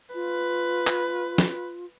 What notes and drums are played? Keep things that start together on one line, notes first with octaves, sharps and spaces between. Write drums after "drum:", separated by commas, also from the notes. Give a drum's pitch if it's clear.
F4 B4
drum: clap
drum: snare